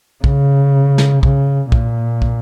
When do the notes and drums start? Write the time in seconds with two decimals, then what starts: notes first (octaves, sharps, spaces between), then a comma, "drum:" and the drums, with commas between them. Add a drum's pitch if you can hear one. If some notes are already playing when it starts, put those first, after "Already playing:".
0.24 C#3, drum: kick
0.98 drum: snare
1.23 C#3, drum: kick
1.72 A#2, drum: kick
2.22 drum: kick